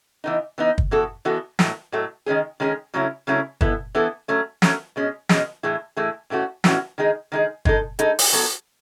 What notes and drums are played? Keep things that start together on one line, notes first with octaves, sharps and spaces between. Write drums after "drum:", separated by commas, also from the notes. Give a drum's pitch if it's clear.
E3 B3 D#4
E3 B3 D#4
drum: kick
E3 B3 F#4 A4
E3 B3 F#4 A4
A2 F#3 A3, drum: snare
A2 F#3 A3
D#3 G#3 C#4 G#4
D#3 G#3 C#4 G#4
C#3 F#3 A3 C#4 E4
C#3 F#3 A3 C#4 E4
E3 B3 E4 A4, drum: kick
E3 B3 E4 A4
F#3 A3 C#4
F#3 A3 C#4, drum: snare
B2 G#3 C#4
B2 G#3 C#4, drum: snare
A2 E3 A3 E4 G#4
A2 E3 A3 E4 G#4
A2 E3 A3 C#4 F#4
A2 E3 A3 C#4 F#4, drum: snare
D#3 G#3 D#4 G#4
D#3 G#3 D#4 G#4
G#3 D#4 A4, drum: kick
G#3 D#4 A4, drum: hi-hat
drum: open hi-hat
F#3 B3 F#4 A4